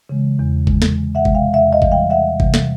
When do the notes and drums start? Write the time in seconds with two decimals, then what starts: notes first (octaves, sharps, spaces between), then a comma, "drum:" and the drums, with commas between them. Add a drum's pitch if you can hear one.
0.09 C#3 E3 G#3
0.39 E2
0.67 C3 E3 G#3, drum: kick G1
0.82 drum: snare
0.96 E2
1.15 E5 F#5
1.25 C3 E3 G#3, drum: kick G1
1.34 F5 G5
1.53 E2 E5 F#5
1.73 D#5 F5
1.82 C3 E3 G3, drum: kick G1
1.91 F5 G5
2.10 E2 E5 F#5
2.40 C3 E3 G3, drum: kick G1
2.54 drum: snare